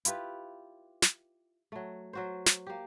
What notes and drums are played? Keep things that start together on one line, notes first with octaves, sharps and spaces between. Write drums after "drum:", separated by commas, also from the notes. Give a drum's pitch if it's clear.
E4 F4 G4 B4, drum: hi-hat
drum: snare
F#3 A3
F#3 F#4 C5
drum: snare
A#3 G4